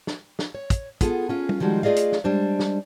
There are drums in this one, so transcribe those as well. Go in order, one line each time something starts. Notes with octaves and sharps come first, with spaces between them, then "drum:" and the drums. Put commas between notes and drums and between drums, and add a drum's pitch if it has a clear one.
drum: snare
drum: snare
C#5
drum: kick, hi-hat
B3 F4 G#4 A4, drum: kick, hi-hat
C#4 F4 G#4
drum: tom
D#3 F3 G3 G#3 F#4 G4
A3 F4 G#4 D5 D#5 F5
drum: hi-hat
drum: snare
G3 G#3 D4 C5
drum: snare